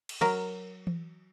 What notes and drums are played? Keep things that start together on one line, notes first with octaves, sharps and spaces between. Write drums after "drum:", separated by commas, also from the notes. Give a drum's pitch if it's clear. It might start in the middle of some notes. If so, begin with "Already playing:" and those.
drum: cymbal
F#3 A#4
drum: tom E3